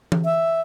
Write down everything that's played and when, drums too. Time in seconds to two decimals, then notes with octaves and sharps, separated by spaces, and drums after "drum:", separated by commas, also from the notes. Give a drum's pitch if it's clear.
0.12 drum: tom E3
0.25 E5